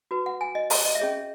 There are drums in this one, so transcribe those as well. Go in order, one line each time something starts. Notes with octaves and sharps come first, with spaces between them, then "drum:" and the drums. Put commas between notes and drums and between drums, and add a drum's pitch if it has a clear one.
F#4 B4
F#5
G#5
D#5
D#5, drum: open hi-hat
D#5
E5
C#4 G#4 C#5 D#5